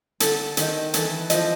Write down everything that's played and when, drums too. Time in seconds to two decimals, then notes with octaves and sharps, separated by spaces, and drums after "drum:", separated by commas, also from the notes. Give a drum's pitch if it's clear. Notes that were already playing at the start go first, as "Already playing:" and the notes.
0.20 D3 A4, drum: hi-hat
0.57 D#3 C5 D#5, drum: hi-hat
0.94 E3 A4, drum: hi-hat
1.30 F3 C5 D#5, drum: hi-hat